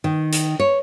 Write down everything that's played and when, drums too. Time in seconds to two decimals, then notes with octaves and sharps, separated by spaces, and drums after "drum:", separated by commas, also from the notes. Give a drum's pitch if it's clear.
0.04 D#3
0.32 drum: hi-hat
0.60 C#5